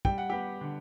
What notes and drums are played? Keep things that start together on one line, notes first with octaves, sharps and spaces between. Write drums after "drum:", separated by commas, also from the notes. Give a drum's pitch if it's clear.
G3 G5, drum: kick
F#5
B3 G4 G5
D3